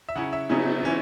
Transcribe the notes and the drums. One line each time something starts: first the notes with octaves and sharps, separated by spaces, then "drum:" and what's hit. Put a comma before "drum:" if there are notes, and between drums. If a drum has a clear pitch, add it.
E5
C#3 F#3 C#4 E4 F#5
E5
C#3 F#3 C#4 E4, drum: cymbal
E3 C#4 E4